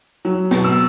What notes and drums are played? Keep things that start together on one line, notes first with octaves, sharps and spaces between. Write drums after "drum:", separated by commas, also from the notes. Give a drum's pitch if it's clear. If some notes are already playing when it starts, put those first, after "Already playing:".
F#3
B2, drum: hi-hat
E6